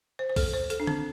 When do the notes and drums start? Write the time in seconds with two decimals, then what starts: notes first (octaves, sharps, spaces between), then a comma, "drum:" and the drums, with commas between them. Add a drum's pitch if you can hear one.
0.19 C5
0.30 C5
0.36 A4, drum: kick A#1, open hi-hat
0.53 C5
0.70 A4, drum: hi-hat
0.80 D4
0.87 C4, drum: tom D3